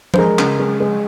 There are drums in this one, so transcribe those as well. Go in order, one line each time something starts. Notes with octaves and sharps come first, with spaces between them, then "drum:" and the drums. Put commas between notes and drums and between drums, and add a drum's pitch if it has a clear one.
C5, drum: tom F3
G#3 A#4
C#3, drum: clap
G#3
G#3